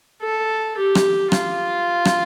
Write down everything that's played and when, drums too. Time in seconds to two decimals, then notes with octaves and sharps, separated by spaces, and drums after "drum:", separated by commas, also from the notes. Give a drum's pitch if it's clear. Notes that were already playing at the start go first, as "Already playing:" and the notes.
0.22 A4
0.77 G4
0.95 drum: rim click
1.32 F4, drum: rim click
2.05 drum: rim click